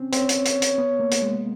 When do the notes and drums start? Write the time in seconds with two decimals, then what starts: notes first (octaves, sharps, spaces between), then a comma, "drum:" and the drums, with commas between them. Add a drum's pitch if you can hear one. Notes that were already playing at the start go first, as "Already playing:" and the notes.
Already playing: C4 C#4
0.12 C4 C#5, drum: hi-hat
0.29 drum: hi-hat
0.45 drum: hi-hat
0.62 drum: hi-hat
0.78 B3
1.00 A#3
1.11 drum: hi-hat
1.22 G#3